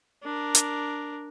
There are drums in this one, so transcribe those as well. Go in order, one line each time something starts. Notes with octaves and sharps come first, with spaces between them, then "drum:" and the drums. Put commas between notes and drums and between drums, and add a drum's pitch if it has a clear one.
D4 A#4
drum: hi-hat